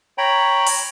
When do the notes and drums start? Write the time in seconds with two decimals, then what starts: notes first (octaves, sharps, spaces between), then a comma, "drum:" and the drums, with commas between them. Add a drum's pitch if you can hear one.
0.18 C#5 G5 A#5 B5
0.67 drum: open hi-hat